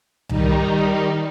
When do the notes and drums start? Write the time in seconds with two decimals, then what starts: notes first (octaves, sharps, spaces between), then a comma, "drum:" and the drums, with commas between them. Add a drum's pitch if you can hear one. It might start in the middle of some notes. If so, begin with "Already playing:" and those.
0.29 D#3 G3 D#4, drum: tom C2